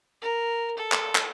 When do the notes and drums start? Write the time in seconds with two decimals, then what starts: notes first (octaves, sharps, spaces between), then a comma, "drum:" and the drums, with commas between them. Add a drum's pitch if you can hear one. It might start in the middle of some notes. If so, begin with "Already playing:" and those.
0.22 A#4
0.78 A4
0.92 drum: clap
1.15 drum: clap